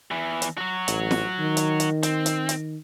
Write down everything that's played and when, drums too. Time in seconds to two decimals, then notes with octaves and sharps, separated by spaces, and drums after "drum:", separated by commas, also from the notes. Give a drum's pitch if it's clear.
0.11 E2 E3
0.42 drum: hi-hat
0.58 F#3 F#4
0.88 A1, drum: hi-hat
1.11 drum: snare
1.39 D#3
1.57 drum: hi-hat
1.80 drum: hi-hat
2.03 C4, drum: hi-hat
2.26 drum: hi-hat
2.49 drum: hi-hat